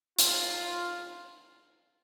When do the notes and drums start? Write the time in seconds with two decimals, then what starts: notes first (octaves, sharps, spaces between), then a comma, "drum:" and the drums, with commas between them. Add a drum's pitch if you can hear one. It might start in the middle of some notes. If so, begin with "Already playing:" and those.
0.19 F4, drum: hi-hat